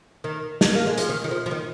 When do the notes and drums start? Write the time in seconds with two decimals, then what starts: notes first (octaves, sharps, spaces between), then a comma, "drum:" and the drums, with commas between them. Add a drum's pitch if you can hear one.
0.24 D#3
0.61 drum: snare
0.75 A#3
0.87 G#3
0.98 F3, drum: hi-hat
1.09 D#3
1.24 D#3
1.31 F3
1.46 F3
1.51 D#3